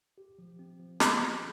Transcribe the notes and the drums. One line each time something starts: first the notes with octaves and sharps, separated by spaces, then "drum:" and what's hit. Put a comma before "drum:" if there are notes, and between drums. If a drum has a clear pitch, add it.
G4
F3
C4
F3
C4, drum: snare
G4